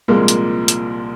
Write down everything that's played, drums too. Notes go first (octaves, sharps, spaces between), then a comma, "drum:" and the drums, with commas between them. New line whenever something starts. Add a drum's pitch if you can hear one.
C2 A#2 F3 G#3 A#3
drum: hi-hat
drum: hi-hat